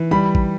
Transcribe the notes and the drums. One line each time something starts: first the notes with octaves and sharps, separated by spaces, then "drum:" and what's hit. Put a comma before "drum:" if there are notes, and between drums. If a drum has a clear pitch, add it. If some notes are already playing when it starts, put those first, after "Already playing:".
Already playing: E3
G3 B5
drum: kick